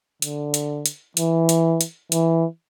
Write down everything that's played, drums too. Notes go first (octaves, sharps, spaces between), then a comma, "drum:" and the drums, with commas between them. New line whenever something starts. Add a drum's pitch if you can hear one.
D3, drum: hi-hat
drum: hi-hat
drum: hi-hat
E3, drum: hi-hat
drum: hi-hat
drum: hi-hat
E3, drum: hi-hat